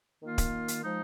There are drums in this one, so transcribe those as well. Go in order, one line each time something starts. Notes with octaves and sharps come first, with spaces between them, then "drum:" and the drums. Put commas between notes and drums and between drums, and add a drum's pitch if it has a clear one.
D#3 A#3 F4
drum: kick D1, hi-hat
drum: hi-hat
F3 G#3 D#4